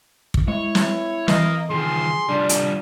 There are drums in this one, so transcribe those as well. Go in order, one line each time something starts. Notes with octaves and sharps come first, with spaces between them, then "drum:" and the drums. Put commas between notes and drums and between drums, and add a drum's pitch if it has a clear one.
drum: kick
G#3 E4 C#5
drum: snare
E3 A#4 D#5 F5, drum: snare
D#3 F3 G#4 C6
F3 G3 D4
drum: hi-hat